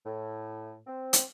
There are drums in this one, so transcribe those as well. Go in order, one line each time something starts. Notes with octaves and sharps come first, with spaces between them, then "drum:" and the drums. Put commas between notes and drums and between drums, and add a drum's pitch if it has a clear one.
A2
C4
drum: hi-hat